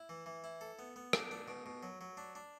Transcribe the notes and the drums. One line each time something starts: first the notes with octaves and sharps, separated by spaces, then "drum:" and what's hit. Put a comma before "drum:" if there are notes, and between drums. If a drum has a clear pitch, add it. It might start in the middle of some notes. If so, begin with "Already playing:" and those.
Already playing: E4
E3
E3
E4
A4
B3
B3
D4, drum: rim click
D4
B2
B2
F#3
F#3
D4
D4